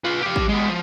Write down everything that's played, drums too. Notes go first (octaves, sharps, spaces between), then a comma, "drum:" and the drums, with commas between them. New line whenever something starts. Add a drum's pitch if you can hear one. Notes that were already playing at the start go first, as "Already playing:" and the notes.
F4 B4
G4 F5
drum: kick
G#3 B3
F3